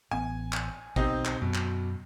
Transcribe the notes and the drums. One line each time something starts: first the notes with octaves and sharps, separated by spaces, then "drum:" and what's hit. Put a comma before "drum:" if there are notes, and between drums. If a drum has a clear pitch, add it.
A1 B3 G#5
drum: clap
B1 B2 B3 C4 D#4 G4, drum: kick A1
drum: clap
F#2 B2
drum: clap